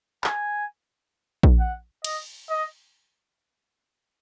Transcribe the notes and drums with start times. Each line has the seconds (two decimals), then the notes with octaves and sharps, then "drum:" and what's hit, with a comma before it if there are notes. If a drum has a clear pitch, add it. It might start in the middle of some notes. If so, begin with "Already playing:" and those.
0.24 G#5, drum: clap
1.43 drum: kick A#1
1.60 F#5
2.04 D#5, drum: cymbal
2.50 D#5